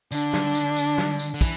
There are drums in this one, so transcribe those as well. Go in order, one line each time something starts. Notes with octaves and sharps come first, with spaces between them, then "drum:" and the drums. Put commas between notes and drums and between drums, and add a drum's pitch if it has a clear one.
D3 D4, drum: tambourine
drum: snare
drum: tambourine
drum: tambourine
drum: snare
drum: tambourine
D3
E3, drum: kick